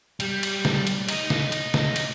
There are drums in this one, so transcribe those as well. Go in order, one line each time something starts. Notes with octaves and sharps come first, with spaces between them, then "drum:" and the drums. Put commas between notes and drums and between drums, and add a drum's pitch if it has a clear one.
G3, drum: cymbal
drum: cymbal
drum: snare
drum: cymbal
D#5 A#5, drum: cymbal
drum: snare
drum: cymbal
drum: snare
drum: cymbal